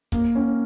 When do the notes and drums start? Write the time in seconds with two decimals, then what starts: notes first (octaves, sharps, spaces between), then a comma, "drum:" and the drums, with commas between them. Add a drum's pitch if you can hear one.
0.12 A#3, drum: kick, hi-hat
0.35 C#4